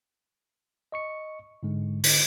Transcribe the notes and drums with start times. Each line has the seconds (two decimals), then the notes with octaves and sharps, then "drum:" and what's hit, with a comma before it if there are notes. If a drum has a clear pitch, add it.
0.92 D#5 C#6 C#7
1.63 G#2 D3 G#3
2.03 D3, drum: open hi-hat